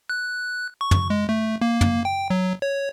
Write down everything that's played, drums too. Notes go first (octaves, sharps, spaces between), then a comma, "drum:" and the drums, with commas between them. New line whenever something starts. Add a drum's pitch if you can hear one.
F#6
C#6
drum: tom
G#3
A3
A#3
drum: tom
G5
F#3
C#5